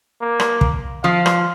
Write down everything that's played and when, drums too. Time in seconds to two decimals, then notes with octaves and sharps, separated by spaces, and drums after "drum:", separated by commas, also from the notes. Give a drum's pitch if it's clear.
0.21 A#3
0.40 drum: rim click
0.61 drum: kick
1.04 F3 F5
1.26 drum: rim click